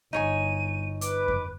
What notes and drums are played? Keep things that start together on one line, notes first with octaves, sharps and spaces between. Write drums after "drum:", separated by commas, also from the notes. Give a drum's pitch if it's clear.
G1 D#4 C#5 G#5 D#7
B4 D6, drum: hi-hat
drum: kick F2